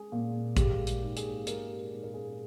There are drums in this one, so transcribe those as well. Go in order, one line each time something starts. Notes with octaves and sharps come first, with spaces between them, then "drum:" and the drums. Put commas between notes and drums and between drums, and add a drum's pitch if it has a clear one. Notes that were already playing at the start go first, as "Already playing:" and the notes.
Already playing: G#3 G#4
A#2
G#3 G4, drum: kick, hi-hat
drum: hi-hat
G#2
G#4, drum: hi-hat
G#3 A#4, drum: hi-hat
G4
G#2
A#4
G#4